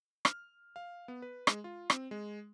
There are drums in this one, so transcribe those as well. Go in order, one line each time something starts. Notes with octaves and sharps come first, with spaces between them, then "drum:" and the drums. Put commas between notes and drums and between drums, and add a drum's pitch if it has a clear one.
F6, drum: rim click
F5
B3
B4
G#3, drum: rim click
F4
C4, drum: rim click
G#3